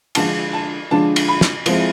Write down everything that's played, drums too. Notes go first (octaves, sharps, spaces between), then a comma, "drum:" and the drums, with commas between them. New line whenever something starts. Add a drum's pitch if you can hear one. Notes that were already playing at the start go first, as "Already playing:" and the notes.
D3 F3 G#3 D4 A5, drum: cymbal
A5
D3 F3 G#3 D4 A5
drum: cymbal
B5
drum: snare
F3 G#3 C4 E4 C5, drum: cymbal